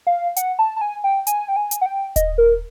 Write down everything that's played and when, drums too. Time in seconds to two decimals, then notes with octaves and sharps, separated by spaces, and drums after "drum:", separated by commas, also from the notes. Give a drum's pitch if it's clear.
0.07 F5
0.36 F#5, drum: hi-hat
0.59 A5
0.76 A5
0.81 G#5
1.04 G5
1.27 G#5, drum: hi-hat
1.48 G5
1.56 G#5
1.71 drum: hi-hat
1.81 F#5
1.86 G5
2.16 D#5, drum: kick D#1, hi-hat
2.38 A#4